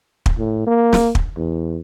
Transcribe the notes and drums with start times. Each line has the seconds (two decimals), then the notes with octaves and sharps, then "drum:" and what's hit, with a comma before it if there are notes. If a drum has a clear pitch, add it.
0.26 drum: kick
0.38 A2
0.67 A#3
0.93 drum: snare
1.15 drum: kick
1.37 E2